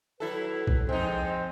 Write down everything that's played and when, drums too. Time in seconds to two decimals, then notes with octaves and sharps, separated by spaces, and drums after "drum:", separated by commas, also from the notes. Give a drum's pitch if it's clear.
0.20 F#3 E4 A4 B4
0.67 drum: kick
0.89 F3 G#3 C4 D#4